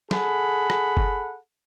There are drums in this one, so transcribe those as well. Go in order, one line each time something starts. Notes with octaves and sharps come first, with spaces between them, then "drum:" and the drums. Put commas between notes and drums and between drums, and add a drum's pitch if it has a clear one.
G#4 A4 F#5 B5, drum: snare
drum: rim click
drum: kick F#1